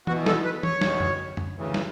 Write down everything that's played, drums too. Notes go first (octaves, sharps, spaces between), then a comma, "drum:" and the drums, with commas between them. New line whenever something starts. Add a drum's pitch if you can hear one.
E2 B2 F#4, drum: tom
A4, drum: snare
B4
C#5, drum: tom
E2 B2, drum: snare
drum: tom F#2
drum: tom F#2
D2 C#3 E3
drum: snare